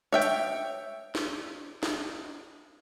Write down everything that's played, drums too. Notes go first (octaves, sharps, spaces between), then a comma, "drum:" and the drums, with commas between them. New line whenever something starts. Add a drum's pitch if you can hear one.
C#5 E5 G5
drum: hi-hat
drum: snare
drum: snare